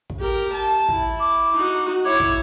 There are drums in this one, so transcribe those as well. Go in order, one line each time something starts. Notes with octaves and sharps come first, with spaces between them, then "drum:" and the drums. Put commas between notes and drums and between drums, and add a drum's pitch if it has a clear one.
drum: kick
G4 A#4
A5
E4, drum: kick
D6
D#4 F#4
E4 C#5 D6
drum: kick